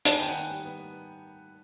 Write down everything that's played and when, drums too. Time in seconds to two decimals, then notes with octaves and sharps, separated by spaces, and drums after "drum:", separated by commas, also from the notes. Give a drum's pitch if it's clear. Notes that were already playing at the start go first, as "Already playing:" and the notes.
0.05 B3 A5, drum: hi-hat
0.13 G#5
0.20 D#3 G5
0.27 F#5 G#5
0.36 D#3
0.51 G3
0.65 B3